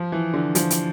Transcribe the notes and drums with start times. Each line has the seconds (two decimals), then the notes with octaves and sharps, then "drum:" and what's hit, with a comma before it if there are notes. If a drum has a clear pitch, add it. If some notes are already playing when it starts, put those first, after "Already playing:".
Already playing: F3
0.12 E3
0.34 D3
0.55 F3, drum: hi-hat
0.70 drum: hi-hat